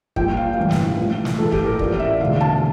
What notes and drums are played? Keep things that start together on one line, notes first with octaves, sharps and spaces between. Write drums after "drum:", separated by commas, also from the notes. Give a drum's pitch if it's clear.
A#1 A#2 G3 G5, drum: kick
F5
A1 G2 E3 G3
drum: snare
A#1 A2 F3
drum: snare
A#1 A2 E3 A4
G4, drum: kick
A#4
A1 A2 F3 D5, drum: kick
D5
E5
E1 D2 D3 F5
A5